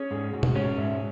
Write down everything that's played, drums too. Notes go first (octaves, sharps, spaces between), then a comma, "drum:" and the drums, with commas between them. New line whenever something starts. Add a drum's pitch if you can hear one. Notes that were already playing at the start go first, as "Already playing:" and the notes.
Already playing: C#4 G#4 C#5
G#2 G#4
G#2 F#4
drum: tom
C#4 C#5
G#2 E5